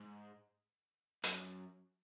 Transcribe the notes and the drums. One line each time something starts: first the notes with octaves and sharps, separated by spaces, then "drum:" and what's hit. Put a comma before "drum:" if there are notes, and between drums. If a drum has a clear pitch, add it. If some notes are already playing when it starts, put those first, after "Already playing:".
Already playing: G#2
F#2, drum: hi-hat